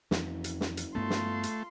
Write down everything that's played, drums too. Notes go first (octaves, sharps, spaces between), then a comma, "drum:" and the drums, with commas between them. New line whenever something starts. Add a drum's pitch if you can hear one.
F#1 F2 E3, drum: snare
drum: hi-hat
drum: snare
drum: hi-hat
G2 A3 B3 C#4 F4 C6
drum: snare
drum: hi-hat